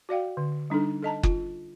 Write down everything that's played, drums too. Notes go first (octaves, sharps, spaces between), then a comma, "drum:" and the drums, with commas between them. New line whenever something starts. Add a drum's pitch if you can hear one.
F#4 D5 F5 G5
D3
G3 D4 D#4 A4
A4 D#5 A5 A#5
F4, drum: kick F#1